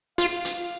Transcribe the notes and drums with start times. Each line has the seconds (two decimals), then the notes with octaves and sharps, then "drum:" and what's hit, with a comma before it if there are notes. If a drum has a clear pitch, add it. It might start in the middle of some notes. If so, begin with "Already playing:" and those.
0.18 F4 F5, drum: hi-hat
0.45 drum: hi-hat